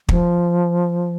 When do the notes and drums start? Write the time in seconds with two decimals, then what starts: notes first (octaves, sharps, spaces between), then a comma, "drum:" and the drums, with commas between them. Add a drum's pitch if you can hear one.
0.09 F3, drum: kick